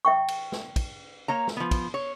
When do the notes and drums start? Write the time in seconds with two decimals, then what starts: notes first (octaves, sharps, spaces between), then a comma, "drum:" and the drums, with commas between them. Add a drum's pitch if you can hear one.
0.05 E5 G5 C#6
0.28 drum: cymbal
0.52 drum: snare
0.76 drum: kick, cymbal
1.28 A#3 C#5 A#5
1.47 drum: snare
1.57 F3 B3
1.71 drum: kick, cymbal
1.94 C#5